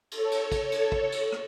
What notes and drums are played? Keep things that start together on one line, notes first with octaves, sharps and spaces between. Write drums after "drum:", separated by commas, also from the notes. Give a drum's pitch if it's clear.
A4 C#5, drum: cymbal
drum: cymbal
drum: kick, cymbal
drum: cymbal
drum: kick
drum: cymbal
drum: rim click